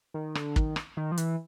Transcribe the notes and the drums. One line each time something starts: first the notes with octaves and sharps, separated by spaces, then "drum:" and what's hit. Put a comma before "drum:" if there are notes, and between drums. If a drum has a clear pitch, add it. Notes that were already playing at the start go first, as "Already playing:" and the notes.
D#3
D3, drum: rim click
D#3, drum: kick
drum: rim click
D#3
F3
E3, drum: hi-hat